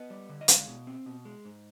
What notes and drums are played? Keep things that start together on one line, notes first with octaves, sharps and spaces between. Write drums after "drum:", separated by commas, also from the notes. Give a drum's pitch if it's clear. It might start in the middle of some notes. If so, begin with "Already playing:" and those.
Already playing: B3 D#5
G3
D3
D#5
G#3 F5, drum: hi-hat
B2
C4
B2
G#3
G#2